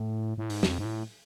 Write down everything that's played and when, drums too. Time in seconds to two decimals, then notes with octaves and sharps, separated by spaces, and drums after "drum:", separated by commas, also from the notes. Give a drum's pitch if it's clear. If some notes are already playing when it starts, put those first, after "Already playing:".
Already playing: A2
0.38 A2
0.50 G#2, drum: open hi-hat
0.63 E2, drum: snare
0.66 F2
0.79 G#2
0.85 A2